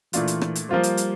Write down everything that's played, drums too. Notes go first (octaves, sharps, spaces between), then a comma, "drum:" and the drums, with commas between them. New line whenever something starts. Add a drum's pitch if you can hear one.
A#2 E3 A3 D4 F4, drum: hi-hat
drum: hi-hat
drum: rim click
drum: hi-hat
F3 G3 A#3 F4 C5
drum: hi-hat
drum: hi-hat